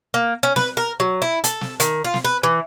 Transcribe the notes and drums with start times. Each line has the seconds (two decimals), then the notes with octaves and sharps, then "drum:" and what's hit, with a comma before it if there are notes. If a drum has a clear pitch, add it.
0.14 A#3
0.43 C#4
0.56 B4, drum: snare
0.77 A#4
1.00 F#3
1.22 E4
1.44 A4, drum: hi-hat
1.61 drum: snare
1.80 D#3, drum: hi-hat
2.04 F4
2.14 drum: snare
2.25 B4
2.43 E3